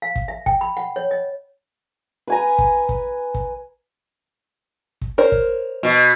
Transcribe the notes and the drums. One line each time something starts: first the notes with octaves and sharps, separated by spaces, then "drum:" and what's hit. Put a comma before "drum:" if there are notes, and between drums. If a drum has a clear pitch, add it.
F5
drum: kick
E5
G5, drum: kick
B5
F#5
C#5
D#5
B4 G#5 A#5
drum: kick
drum: kick
drum: kick
drum: kick
A#4 C5 C#5
drum: kick
B2